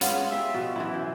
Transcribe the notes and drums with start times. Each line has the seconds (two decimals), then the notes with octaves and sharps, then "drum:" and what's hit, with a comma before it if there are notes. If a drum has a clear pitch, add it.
0.01 G#3 B3 C#4 F4, drum: hi-hat
0.31 G4 E5
0.54 B2 F3
0.76 F#2 E3 E4
0.94 C5